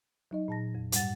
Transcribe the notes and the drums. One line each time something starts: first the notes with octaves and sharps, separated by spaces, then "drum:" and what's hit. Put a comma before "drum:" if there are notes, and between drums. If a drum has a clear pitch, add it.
F#3 D#4 D#5
A#2 A5 A#6
F2
G#2 G3 F#5 A6, drum: hi-hat